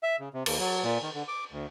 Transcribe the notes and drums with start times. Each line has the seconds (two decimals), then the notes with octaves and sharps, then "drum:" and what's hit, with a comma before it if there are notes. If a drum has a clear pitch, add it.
0.03 E5
0.20 C#3
0.34 C3
0.46 D#2, drum: cymbal
0.59 F#3
0.83 A#2
1.02 D#3
1.14 D3
1.28 D6
1.52 D2